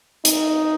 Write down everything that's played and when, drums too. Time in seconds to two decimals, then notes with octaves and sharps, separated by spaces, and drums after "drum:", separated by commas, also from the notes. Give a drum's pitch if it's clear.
0.25 D#4, drum: hi-hat